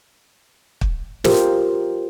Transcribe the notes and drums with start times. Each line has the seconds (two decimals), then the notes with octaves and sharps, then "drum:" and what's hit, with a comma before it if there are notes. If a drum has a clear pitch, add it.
0.81 drum: kick
1.24 F4 G4 A#4 C5, drum: snare